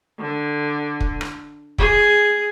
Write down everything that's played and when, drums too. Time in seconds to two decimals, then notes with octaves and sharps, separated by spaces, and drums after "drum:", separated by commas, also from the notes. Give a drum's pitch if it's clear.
0.20 D3
1.01 drum: kick
1.21 drum: rim click
1.78 G#4, drum: kick